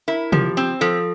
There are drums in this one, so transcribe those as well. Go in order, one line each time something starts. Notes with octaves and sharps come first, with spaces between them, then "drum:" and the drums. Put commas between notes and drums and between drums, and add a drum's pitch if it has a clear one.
E4 A#4
F3 G4, drum: tom C3
C4
F3 A4